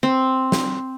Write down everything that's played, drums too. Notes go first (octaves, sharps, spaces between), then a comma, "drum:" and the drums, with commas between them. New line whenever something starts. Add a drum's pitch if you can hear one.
C4
drum: snare